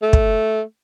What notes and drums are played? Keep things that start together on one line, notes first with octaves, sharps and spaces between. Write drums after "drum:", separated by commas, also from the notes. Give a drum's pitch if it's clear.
A3
drum: kick